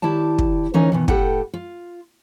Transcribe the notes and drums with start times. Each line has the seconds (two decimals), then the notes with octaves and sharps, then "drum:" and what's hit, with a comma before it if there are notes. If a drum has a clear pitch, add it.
0.02 D#3 E4 G4 D5 A5
0.38 drum: kick
0.74 D2 E3 C#4 D#4 A#4
0.92 B2 D#3 E3
1.08 A2 G4 A4 B4 F#5 G5, drum: kick
1.54 F4